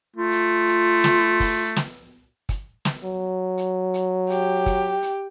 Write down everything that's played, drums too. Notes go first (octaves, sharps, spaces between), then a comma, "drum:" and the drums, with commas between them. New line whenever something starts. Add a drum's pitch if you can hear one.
A3 F4
drum: hi-hat
drum: hi-hat
drum: snare
drum: kick, open hi-hat
drum: snare
drum: kick, hi-hat
drum: snare
F#3
drum: hi-hat
drum: hi-hat
G4, drum: hi-hat
drum: kick, hi-hat
drum: hi-hat